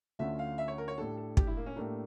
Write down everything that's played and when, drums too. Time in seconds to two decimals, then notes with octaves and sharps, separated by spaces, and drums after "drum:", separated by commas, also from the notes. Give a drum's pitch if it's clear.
0.19 D2 D3 A3 C#4 F4 E5
0.39 F5
0.58 E5
0.68 C#5
0.78 A#4
0.88 C#5
0.98 A2 G3 D4 A4
1.17 A4
1.37 G4, drum: kick
1.47 E4
1.57 A#3
1.66 C#4
1.76 A2 G3 A3 A#3 D4